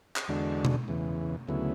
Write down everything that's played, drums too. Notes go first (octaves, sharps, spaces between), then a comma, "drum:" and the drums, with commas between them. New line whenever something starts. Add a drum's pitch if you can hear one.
drum: clap
E2 D3 G#3 D4 F#4
drum: tom B2
E2 C#3 E3
D2 C#3 F#3 B3 E4